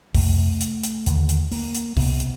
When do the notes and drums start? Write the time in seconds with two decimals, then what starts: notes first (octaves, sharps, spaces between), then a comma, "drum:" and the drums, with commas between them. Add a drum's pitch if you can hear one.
0.15 F2 C3 A3, drum: kick C2, open hi-hat
0.61 drum: hi-hat
0.83 drum: hi-hat
1.06 D#2 D3, drum: hi-hat
1.29 drum: hi-hat
1.52 A#3, drum: open hi-hat
1.75 drum: hi-hat
1.97 C2 C3 B3, drum: kick C2, open hi-hat
2.20 drum: hi-hat